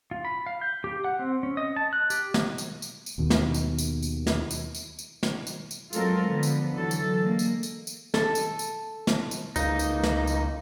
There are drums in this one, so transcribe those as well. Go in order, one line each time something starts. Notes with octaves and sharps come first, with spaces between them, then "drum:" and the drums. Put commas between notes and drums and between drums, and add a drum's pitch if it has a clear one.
F4
B5
F5
G6
G4
F#5
C4
C#4
D#5
A5
F#6
G4, drum: tambourine
drum: snare
drum: tambourine
drum: tambourine
drum: tambourine
D#2 B2 D#3
drum: snare
drum: tambourine
drum: tambourine
drum: tambourine
drum: snare
drum: tambourine
drum: tambourine
drum: tambourine
drum: snare
drum: tambourine
drum: tambourine
F#3 G#3 C4 F4 A4 A#4, drum: tambourine
D3 F3 B3
drum: tambourine
D3 E3 F#3 A4
drum: tambourine
G#3 A#3
drum: tambourine
drum: tambourine
drum: tambourine
A4, drum: snare
drum: tambourine
drum: tambourine
drum: snare
drum: tambourine
C#2 A#3 D#4, drum: tambourine
drum: tambourine
drum: snare
drum: tambourine